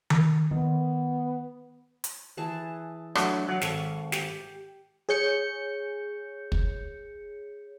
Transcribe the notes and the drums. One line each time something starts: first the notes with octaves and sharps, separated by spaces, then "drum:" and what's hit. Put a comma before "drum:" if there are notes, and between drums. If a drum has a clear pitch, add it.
drum: tom D#3
D#3 B3
drum: hi-hat
E3 G#4 A5
F#3 A3 D4, drum: rim click
F#3 D5 F5
G#1 A4 C#6, drum: snare
G4, drum: snare
G#4 C#5 G6 C#7
drum: kick